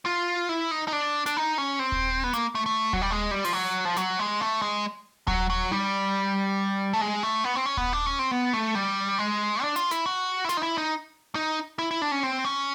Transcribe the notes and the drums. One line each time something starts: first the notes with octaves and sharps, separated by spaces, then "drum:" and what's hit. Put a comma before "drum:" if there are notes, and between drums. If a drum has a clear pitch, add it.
F4
E4
D#4
D#4
D4
D4, drum: snare
D#4
C#4
C4
drum: kick D#1
B3
A#3, drum: hi-hat
A3
A3
F#3, drum: kick D#1
G3
G#3
G3
F3, drum: open hi-hat
F#3
F3
F#3, drum: snare
G#3
A3
G#3
F#3, drum: kick D#1
F#3
G3, drum: tom D#4
A3
G#3
A3
B3
C4
C#4
B3, drum: kick D#1
D4
C#4
C4
B3
A3
G3
G#3
D4
F4, drum: hi-hat
E4, drum: snare
F#4
E4
F4, drum: snare
D#4
E4
D#4
D#4
E4
E4
D4
C#4
C4
C#4